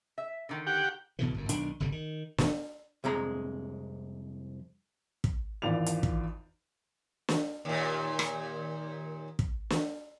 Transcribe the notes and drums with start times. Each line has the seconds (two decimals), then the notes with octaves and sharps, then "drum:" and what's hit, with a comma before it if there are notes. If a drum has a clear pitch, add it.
0.18 E5
0.49 D3 D#3
0.67 G4 F#5 G5
1.19 B1 B2 D3 E3
1.34 G1 F#2
1.49 B1 D#3 D4, drum: hi-hat
1.80 G1 C2 D3 G3
1.92 D#3
2.38 F1 B2 A3, drum: snare
3.04 C2 F2 G#3 A#5
5.24 drum: kick
5.62 G#1 E2 F4 D5 F7
5.86 drum: hi-hat
6.03 drum: kick
7.29 drum: snare
7.65 D#2 A#2
8.19 drum: rim click
9.39 drum: kick
9.70 drum: snare